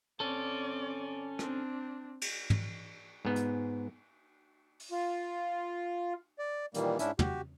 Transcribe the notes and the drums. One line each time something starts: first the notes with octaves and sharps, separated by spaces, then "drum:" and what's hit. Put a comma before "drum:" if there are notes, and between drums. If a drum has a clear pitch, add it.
C4 C#4 A4 D5
C4 D4, drum: rim click
drum: cymbal
drum: tom
G#2 B3
drum: hi-hat
drum: open hi-hat
F4
D5
A#2 D#3 E3 G3 A#3, drum: hi-hat
G#2 C#4 D4 E4 E5, drum: hi-hat
F#4 G4, drum: tom